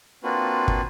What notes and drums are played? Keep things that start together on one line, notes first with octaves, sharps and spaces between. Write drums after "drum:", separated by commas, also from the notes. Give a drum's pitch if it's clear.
A#3 C4 D4 F4 F#4 B4
drum: kick